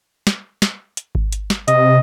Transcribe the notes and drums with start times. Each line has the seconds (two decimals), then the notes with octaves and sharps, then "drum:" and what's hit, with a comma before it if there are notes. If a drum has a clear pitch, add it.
0.27 drum: snare
0.62 drum: snare
0.97 drum: hi-hat
1.15 drum: kick G#1
1.32 drum: hi-hat
1.50 drum: snare
1.68 C3 D#5, drum: hi-hat